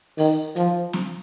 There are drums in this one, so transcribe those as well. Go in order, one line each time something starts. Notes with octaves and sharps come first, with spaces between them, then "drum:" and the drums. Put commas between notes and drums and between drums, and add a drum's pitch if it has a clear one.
D#3, drum: open hi-hat
F3, drum: hi-hat
drum: snare